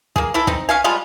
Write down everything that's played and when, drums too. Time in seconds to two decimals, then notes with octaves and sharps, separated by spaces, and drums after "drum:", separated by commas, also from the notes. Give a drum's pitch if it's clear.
0.16 A#3 G#4, drum: kick
0.34 E3 E4 A4
0.47 C4 D#4, drum: kick
0.69 C#4 F5 G#5
0.84 F3 G3 G#3 F4